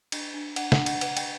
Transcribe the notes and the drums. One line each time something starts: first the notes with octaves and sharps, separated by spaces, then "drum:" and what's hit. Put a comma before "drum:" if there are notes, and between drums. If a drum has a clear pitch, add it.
D4, drum: cymbal
D4
D4 F#5, drum: cymbal
F#5, drum: snare
D4
F#5, drum: cymbal
B4 F#5, drum: cymbal
G5, drum: cymbal